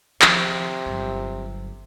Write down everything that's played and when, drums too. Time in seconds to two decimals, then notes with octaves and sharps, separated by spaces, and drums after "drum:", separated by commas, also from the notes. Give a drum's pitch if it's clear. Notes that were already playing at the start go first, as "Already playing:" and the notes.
0.22 C3 D#3 F3, drum: clap
0.86 G1 F#3